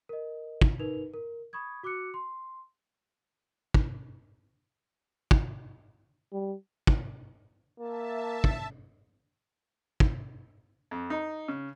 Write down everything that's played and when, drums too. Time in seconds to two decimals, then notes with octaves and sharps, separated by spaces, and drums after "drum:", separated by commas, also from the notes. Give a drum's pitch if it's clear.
0.09 A#4 D#5
0.61 drum: kick
0.79 D#4 A#4 B4 F7
1.14 A#4
1.53 B5 C#6 D#6 G#6
1.83 F#4 D6 E6 F#6 C#7
2.14 C6
3.74 drum: kick
5.31 drum: kick
6.33 G3
6.87 drum: kick
7.80 A#3 E5 A5
8.44 drum: kick
10.00 drum: kick
10.91 F2
11.10 D#4
11.48 C#3